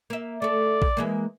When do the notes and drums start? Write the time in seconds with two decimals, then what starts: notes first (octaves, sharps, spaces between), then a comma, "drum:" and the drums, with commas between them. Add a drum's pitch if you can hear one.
0.10 A#3 E5
0.42 A3 A4 D5
0.82 drum: kick A#1
0.97 E3 G#3 A#3